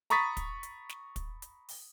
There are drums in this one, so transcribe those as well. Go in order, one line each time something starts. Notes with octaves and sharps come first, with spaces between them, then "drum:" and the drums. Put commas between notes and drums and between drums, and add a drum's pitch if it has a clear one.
A#5 B5 C#6 D#6 A6 B6, drum: hi-hat
drum: kick, hi-hat
drum: hi-hat
drum: snare
drum: kick, hi-hat
drum: hi-hat
drum: open hi-hat